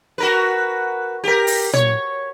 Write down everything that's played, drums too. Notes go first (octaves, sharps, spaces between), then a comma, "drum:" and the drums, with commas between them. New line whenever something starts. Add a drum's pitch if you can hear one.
F#4 A#4 B4
G4 A#4
drum: open hi-hat
C#5, drum: tom